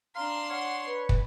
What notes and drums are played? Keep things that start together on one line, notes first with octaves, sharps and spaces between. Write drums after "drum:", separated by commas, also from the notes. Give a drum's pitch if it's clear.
D4 F5 A#5 C6
C#5 F#5
B4
drum: kick